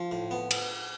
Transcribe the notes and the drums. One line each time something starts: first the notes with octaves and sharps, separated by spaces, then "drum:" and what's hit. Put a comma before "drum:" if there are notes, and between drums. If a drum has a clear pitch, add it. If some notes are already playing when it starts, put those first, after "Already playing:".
Already playing: F3
A2
B3
drum: cymbal